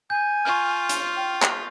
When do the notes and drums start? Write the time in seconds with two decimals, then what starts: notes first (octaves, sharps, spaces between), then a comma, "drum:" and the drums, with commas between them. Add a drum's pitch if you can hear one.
0.10 G#5 G6
0.45 F4 C#6 F6
0.89 drum: hi-hat
1.16 G5
1.42 drum: clap